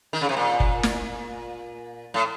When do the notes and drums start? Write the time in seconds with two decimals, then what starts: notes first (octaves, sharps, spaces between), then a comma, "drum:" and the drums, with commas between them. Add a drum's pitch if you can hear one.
0.13 D#3
0.21 C#3
0.29 C3
0.37 A#2
0.60 drum: kick
0.83 drum: snare
2.14 A2